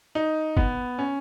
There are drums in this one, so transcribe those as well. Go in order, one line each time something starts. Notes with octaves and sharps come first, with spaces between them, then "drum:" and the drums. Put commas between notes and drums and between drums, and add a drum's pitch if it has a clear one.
D#4
B3, drum: kick
C#4